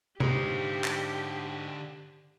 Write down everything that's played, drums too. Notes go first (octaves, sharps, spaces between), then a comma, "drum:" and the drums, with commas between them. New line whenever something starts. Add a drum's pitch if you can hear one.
G#2 D3 G4 C#5, drum: tom C3
drum: clap